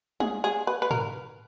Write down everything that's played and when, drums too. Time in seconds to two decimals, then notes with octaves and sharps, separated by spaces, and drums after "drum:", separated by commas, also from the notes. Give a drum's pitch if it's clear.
0.20 G#4, drum: tom
0.44 G#4
0.67 B4
0.82 B4
0.91 A#4, drum: tom G#2